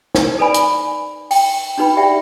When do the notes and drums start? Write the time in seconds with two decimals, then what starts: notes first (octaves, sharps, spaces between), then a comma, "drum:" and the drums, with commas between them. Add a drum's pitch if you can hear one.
0.15 D#4 C#6, drum: snare
0.39 A4 B4 D5 G#5 B5
0.54 drum: hi-hat
1.31 G5, drum: open hi-hat
1.78 D4 D#4 F#4 B4 G5 B5
1.97 G4 D5 E5 F#5 G5